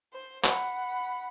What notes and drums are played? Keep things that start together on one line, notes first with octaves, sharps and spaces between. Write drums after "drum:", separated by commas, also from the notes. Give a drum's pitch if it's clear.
C5
F#5 B5, drum: clap